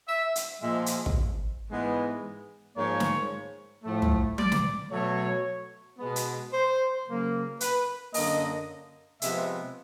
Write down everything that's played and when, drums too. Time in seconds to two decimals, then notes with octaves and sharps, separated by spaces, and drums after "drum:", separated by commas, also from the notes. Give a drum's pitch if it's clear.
0.08 E5
0.35 drum: hi-hat
0.62 A#2 F3 G#3 E5
0.86 drum: hi-hat
1.06 drum: kick
1.69 G#2 E3 G#3 B3
2.77 G#2 F3 A#3 C#5
3.00 drum: snare
3.84 A2 F3 A3
4.02 drum: tom
4.38 D5, drum: tom F#3
4.52 drum: snare
4.92 B2 F#3 A3 C#5
5.99 B2 G#3 B3
6.16 drum: hi-hat
6.53 C5
7.06 C#3 F#3 A#3
7.61 B4, drum: hi-hat
8.14 F#2 D3 F#3 A#3 D#5, drum: open hi-hat
9.22 C3 F3 G#3 B3 E5, drum: hi-hat